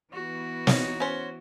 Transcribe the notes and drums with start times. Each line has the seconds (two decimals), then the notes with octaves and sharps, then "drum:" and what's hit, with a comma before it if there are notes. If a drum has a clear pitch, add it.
0.13 E3 B3 F#4
0.67 D#4 C#5, drum: snare
1.00 C#4 C5